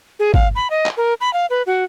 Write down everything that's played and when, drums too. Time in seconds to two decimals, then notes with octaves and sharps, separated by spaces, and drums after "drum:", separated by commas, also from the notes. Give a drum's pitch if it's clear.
0.19 G#4
0.34 F5, drum: kick
0.55 B5
0.70 D#5
0.86 drum: clap
0.97 A#4
1.21 B5
1.33 F5
1.50 B4
1.66 F#4